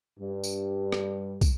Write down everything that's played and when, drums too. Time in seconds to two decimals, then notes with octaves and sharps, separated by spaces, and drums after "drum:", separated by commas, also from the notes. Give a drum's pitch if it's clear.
0.19 G2 G3
0.44 drum: tambourine
0.92 drum: rim click
1.41 drum: kick, tambourine